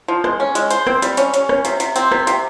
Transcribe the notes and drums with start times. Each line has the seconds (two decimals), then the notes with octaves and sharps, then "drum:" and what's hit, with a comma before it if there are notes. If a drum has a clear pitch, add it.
0.08 F3
0.24 G#3, drum: rim click
0.40 C#4
0.55 G#3, drum: hi-hat
0.71 C5, drum: hi-hat
0.87 C4, drum: rim click
1.02 G3, drum: hi-hat
1.17 C#4, drum: hi-hat
1.34 C#4, drum: hi-hat
1.49 C#4, drum: rim click
1.65 C3, drum: hi-hat
1.80 C3, drum: hi-hat
1.96 C4, drum: hi-hat
2.12 C3, drum: rim click
2.27 C3, drum: hi-hat